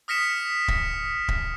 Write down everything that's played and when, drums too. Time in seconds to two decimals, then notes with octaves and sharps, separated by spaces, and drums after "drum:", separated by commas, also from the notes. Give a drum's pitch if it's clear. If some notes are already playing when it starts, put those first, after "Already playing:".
0.08 D#6 F6 A#6 B6 C#7 E7
0.68 drum: kick
1.28 drum: kick